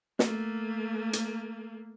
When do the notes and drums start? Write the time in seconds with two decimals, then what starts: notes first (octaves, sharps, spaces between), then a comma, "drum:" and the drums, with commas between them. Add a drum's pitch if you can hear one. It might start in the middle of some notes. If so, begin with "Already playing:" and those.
0.19 A3 A#3, drum: snare
1.13 drum: hi-hat